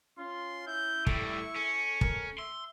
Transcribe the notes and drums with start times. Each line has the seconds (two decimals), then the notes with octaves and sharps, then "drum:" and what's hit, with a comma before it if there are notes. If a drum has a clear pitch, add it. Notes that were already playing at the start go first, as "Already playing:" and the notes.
0.18 C#4 F4 C6
0.67 E4 G6
1.07 A2 G3 A4 C#6, drum: kick
1.56 C#4 A4
2.01 A#4, drum: kick
2.38 E5 C6